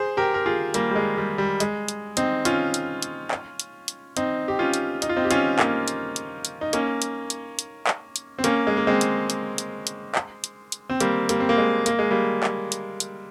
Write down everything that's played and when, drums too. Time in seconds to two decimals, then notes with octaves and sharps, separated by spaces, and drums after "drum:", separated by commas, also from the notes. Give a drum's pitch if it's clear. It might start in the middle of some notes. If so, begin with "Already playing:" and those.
Already playing: G#4 C5
0.17 G4 A#4
0.34 A#4
0.46 F4 G#4
0.74 G3 A#3, drum: hi-hat
0.91 G3
0.95 G#3
1.17 G3
1.38 G3
1.60 G#3, drum: hi-hat
1.88 drum: hi-hat
2.17 C4 D#4, drum: hi-hat
2.45 C#4 F4, drum: hi-hat
2.74 drum: hi-hat
3.03 drum: hi-hat
3.31 drum: clap
3.60 drum: hi-hat
3.88 drum: hi-hat
4.17 C4 D#4, drum: hi-hat
4.48 G4
4.59 C#4 F4
4.74 drum: hi-hat
5.02 D#4, drum: hi-hat
5.09 F4
5.16 C4 D#4
5.25 G4
5.31 C#4 F4, drum: hi-hat
5.59 A#3 C#4, drum: clap
5.88 drum: hi-hat
6.16 drum: hi-hat
6.45 drum: hi-hat
6.61 D#4
6.73 A#3 C#4, drum: hi-hat
7.02 drum: hi-hat
7.30 drum: hi-hat
7.59 drum: hi-hat
7.87 drum: clap
8.16 drum: hi-hat
8.39 C4
8.44 A#3 C#4, drum: hi-hat
8.67 G#3
8.77 A#3
8.87 G#3 C4
9.01 drum: hi-hat
9.30 drum: hi-hat
9.58 drum: hi-hat
9.87 drum: hi-hat
10.15 drum: clap
10.44 drum: hi-hat
10.72 drum: hi-hat
10.90 C4
11.00 G3 A#3, drum: hi-hat
11.29 G3 A#3, drum: hi-hat
11.40 C4
11.49 A#3
11.58 G#3
11.86 A#3, drum: hi-hat
11.99 G#3
12.11 G3 A#3
12.43 drum: clap
12.72 drum: hi-hat
13.00 drum: hi-hat